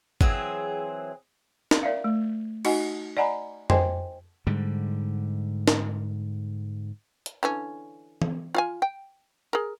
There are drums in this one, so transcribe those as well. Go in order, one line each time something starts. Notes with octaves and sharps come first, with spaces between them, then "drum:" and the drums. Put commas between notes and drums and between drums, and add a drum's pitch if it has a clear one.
E3 F#3 C4 G#4, drum: kick G1
drum: snare
A#4 D5 E5 F5
A3
D#4 F#4 D#5 F#5 G#5, drum: cymbal
D5 D#5 F#5 G#5 A#5 B5
C5 D#5 G5 G#5 C6, drum: tom F2
G#2 D3 G3
drum: snare
drum: hi-hat
D3 E3 C#4
drum: tom E3
F4 F5 G#5
G5
G#4 A#4